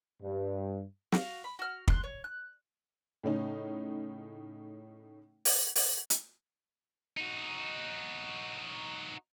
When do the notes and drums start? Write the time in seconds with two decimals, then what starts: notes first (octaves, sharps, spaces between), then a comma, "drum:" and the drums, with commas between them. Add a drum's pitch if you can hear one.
0.21 G2
1.12 F#4 F5, drum: snare
1.44 B5
1.59 F#4 F6
1.88 C6 F#6, drum: kick
2.04 C#5
2.24 F#6
3.23 A2 C#3 C#4 D#4
5.45 drum: open hi-hat
5.75 drum: open hi-hat
6.10 drum: hi-hat
7.17 D#4 F#4